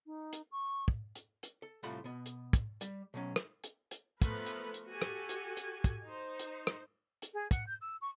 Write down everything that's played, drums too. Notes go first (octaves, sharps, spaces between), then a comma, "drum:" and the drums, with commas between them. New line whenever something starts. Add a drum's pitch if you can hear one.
D#4
drum: hi-hat
C#6
drum: kick
drum: hi-hat
drum: hi-hat
A4
C2 A2 A3 F4 F#5 B5
B2 B3
drum: hi-hat
drum: kick, hi-hat
G3, drum: hi-hat
B2 F#3 C#4
drum: rim click
drum: hi-hat
drum: hi-hat
F3 A3 B3 A#4 B4, drum: kick, hi-hat
drum: hi-hat
drum: hi-hat
F#4 G4 A4 G#5
drum: rim click
drum: hi-hat
drum: hi-hat
drum: kick, hi-hat
D#4 C5
drum: hi-hat
drum: rim click
drum: hi-hat
G#4
F#5, drum: kick, hi-hat
G6
E6
C#6